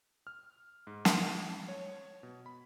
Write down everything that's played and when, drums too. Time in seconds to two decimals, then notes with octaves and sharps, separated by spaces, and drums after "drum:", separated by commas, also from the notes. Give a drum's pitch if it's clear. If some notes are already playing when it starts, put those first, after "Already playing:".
0.27 F6
0.87 G#2
1.05 drum: snare
1.23 A5
1.68 C#5
2.23 B2
2.46 B5